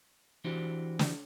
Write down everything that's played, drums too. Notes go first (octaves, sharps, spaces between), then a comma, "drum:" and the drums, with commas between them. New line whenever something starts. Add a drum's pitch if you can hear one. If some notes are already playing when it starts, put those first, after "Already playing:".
E3 D4 F#4 G4 C5
drum: snare